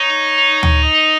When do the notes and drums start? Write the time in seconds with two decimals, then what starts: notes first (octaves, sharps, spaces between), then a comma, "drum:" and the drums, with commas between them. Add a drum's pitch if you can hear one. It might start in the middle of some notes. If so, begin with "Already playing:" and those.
Already playing: D#4 C#5
0.63 drum: tom D2
0.82 D#5